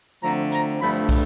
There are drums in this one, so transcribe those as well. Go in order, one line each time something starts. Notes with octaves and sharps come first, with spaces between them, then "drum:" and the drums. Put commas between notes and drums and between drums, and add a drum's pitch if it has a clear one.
D3 F3 A3 C4 A#5
A#5, drum: hi-hat
G2 D3 F3 A3 B5
drum: kick, open hi-hat